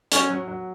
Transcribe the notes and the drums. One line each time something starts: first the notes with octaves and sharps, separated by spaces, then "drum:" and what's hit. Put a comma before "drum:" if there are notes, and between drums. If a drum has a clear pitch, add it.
F#3 C#4, drum: hi-hat
F#3
F#3